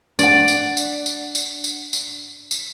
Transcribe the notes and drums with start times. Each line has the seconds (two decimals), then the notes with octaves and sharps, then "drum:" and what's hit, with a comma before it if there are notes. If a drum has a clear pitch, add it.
0.19 D4 D5 F#5, drum: tambourine
0.48 drum: tambourine
0.77 drum: tambourine
1.06 drum: tambourine
1.35 drum: tambourine
1.64 drum: tambourine
1.93 drum: tambourine
2.51 drum: tambourine